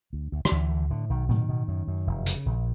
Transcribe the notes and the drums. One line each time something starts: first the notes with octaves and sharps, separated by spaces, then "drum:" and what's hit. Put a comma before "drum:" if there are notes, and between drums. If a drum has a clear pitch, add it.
D2
D2
D#3, drum: rim click
D2 E3
D3
A2 D3
B1 D#3
B2 D#3, drum: tom A2
B2
F#2
F#2
F1
C#3, drum: hi-hat
A#1